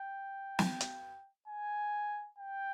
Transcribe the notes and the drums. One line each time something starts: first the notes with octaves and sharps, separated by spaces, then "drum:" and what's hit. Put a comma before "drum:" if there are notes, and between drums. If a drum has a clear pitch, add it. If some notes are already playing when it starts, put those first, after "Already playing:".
Already playing: G5
drum: snare
drum: hi-hat
G#5
G5